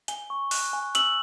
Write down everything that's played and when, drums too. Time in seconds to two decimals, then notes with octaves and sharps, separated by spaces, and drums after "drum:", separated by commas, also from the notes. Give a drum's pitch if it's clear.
0.08 G#5 G7, drum: hi-hat
0.30 C#6
0.51 F#6, drum: open hi-hat
0.73 G#5
0.95 E6 F#7, drum: hi-hat